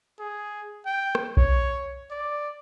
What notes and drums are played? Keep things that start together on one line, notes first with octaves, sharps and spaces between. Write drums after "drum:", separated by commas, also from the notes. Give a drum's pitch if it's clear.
G#4
G5
drum: rim click
C#5, drum: kick B1
D5